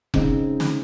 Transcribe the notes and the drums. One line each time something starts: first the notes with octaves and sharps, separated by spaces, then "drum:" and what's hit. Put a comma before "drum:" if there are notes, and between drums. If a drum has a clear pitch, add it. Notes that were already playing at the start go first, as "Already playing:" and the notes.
C#3 G#3 C4 D#4, drum: kick F1
drum: snare